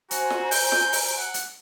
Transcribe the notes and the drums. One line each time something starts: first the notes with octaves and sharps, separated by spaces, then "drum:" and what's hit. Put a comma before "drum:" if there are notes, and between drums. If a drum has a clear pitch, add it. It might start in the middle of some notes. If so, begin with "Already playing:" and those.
F#4 C5 G#5 A#5, drum: hi-hat
drum: snare
G6, drum: open hi-hat
drum: snare
drum: open hi-hat
F#5
drum: hi-hat